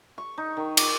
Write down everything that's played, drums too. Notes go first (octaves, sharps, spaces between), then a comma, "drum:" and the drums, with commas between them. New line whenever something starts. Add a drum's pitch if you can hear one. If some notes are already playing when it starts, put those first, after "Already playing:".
C#6
D#4
D#3
D6, drum: cymbal